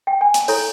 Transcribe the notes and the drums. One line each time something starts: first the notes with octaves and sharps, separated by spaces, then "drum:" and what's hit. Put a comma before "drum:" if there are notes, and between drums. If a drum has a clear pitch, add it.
G5
G#5
A5, drum: hi-hat
E4 A4 C#5 A#5, drum: open hi-hat